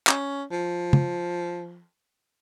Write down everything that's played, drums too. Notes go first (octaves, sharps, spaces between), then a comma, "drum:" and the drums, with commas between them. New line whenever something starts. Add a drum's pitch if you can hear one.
C#4, drum: clap
F3
drum: tom